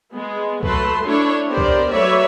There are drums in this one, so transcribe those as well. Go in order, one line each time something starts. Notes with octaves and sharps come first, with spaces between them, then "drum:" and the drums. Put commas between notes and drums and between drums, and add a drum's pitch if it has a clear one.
G#3 B3
F#3 A3 B4 A5 C6, drum: kick C2
A3 D4 E4 C#5
B3 G4 A#4 C5 D5
drum: kick C2
F#3 A3 B4 C#5 D5 E5